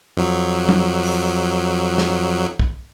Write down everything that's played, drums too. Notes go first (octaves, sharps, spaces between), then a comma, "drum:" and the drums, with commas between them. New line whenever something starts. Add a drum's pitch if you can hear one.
F2 F#3
drum: tom F#3
drum: open hi-hat
drum: snare
drum: kick